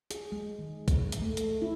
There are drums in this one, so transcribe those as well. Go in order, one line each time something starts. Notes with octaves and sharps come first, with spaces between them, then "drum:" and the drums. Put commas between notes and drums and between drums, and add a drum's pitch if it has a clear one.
G#4, drum: hi-hat
G#3
D#3
drum: kick, hi-hat
drum: hi-hat
A3
drum: hi-hat
E4